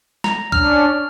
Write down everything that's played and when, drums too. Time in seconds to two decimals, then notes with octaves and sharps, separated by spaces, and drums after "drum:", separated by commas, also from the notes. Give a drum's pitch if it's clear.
0.24 A#5, drum: snare
0.52 C#4 D4 F6, drum: kick